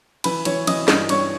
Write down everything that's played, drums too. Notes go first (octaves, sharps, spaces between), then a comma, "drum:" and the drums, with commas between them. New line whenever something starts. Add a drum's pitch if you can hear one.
E3 B4 B5, drum: cymbal
E3 C#5 C#6, drum: cymbal
E3 D#5 D#6, drum: cymbal
G2 D#5 D#6, drum: snare
G2 C#5 C#6, drum: cymbal